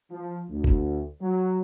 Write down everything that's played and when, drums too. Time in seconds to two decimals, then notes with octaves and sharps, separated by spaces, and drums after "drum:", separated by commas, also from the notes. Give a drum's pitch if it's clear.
0.11 F3
0.50 D2
0.64 drum: kick
1.22 F#3